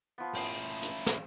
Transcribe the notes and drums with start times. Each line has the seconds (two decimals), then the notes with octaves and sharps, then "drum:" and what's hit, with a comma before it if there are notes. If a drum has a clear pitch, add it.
0.18 F3 B3
0.35 C#4 E4 G5 C6 D#6, drum: open hi-hat
0.83 drum: hi-hat
1.06 drum: snare